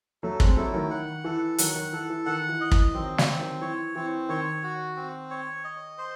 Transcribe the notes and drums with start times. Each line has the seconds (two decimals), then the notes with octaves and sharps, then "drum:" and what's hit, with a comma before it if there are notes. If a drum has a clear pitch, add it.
0.23 F#3 A3 A4
0.40 G#3 C4, drum: kick
0.57 F#3 A3 E4
0.74 D#3 F#3
0.91 D#3 F#5
1.24 E3 A4
1.58 D#3 F#3 F#5, drum: hi-hat
1.75 D#3
1.93 E3 A4
2.10 E3
2.26 D#3 F#5
2.49 E3
2.61 D#5
2.71 E3, drum: kick
2.94 D#3 F#3 C4
3.18 drum: snare
3.28 C4
3.39 D#3 F#3
3.61 E3 C#5
3.95 E3 C4
4.29 D#3 C#5
4.63 F#4
4.97 C4
5.30 C#5
5.64 D#5
5.98 C5